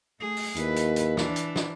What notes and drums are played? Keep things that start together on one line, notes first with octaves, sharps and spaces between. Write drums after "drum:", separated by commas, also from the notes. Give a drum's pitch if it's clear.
A3 G#4
drum: open hi-hat
D#2 E4 B4, drum: hi-hat
drum: hi-hat
drum: hi-hat
E3 D4, drum: snare
drum: hi-hat
drum: snare